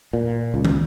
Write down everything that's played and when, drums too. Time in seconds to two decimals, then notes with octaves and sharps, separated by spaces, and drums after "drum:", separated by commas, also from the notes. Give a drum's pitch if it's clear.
0.13 A#2
0.54 C#2
0.65 drum: tom